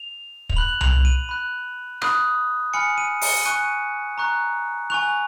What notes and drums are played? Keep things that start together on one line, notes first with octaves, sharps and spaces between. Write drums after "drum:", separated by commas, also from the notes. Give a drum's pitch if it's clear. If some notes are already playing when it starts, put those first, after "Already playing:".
Already playing: F7
F7, drum: kick
B5 F#6 F#7
F7, drum: tom C2
D#7
B5 F#6
B5 D#6 F#6, drum: rim click
G#5 B5 F6 C#7
D#7
C#7, drum: open hi-hat
G#5 C#6 F#6 D#7
A#5 C#6 F#6
G#5 C#6 F#6 F7